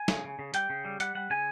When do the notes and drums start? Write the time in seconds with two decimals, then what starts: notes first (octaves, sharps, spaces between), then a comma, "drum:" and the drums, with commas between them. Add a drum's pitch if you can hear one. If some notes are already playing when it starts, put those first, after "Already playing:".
Already playing: G#5
0.08 C#3, drum: snare
0.24 C#3
0.39 C#3
0.54 G3 G5, drum: hi-hat
0.70 C#3
0.85 G3
1.00 G3 F#5, drum: hi-hat
1.15 G3 F#5
1.30 C#3 G#5